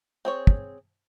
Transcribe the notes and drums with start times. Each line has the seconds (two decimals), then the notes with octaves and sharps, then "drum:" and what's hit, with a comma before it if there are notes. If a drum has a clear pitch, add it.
0.25 C4 G#4 C#5
0.47 drum: kick